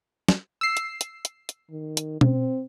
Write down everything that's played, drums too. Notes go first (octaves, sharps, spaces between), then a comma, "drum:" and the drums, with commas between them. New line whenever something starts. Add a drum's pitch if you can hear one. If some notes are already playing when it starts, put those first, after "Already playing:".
drum: snare
E6 C7
drum: hi-hat
drum: hi-hat
drum: hi-hat
drum: hi-hat
D#3
drum: hi-hat
C4, drum: tom B2